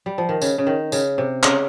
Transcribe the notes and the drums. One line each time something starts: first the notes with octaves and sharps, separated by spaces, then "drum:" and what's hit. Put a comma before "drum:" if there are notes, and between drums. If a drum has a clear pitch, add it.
G3
F3
D#3
C#3, drum: tambourine
C#3
D#3
C#3, drum: tambourine
C3
C#3, drum: clap